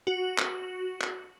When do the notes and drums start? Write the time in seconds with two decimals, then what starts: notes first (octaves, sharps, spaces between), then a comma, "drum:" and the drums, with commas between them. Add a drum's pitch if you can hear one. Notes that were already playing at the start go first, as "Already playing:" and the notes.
0.07 F#4
0.38 drum: clap
1.01 drum: clap